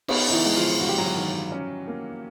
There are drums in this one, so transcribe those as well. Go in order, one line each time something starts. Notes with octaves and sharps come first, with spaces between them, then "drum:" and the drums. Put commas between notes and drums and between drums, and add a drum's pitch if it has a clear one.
B3 D#4, drum: cymbal
D#4
E3 E4
G#3
F3 F4
G2 F#4
G4
F#3 F#4
D#3
C#4
A#3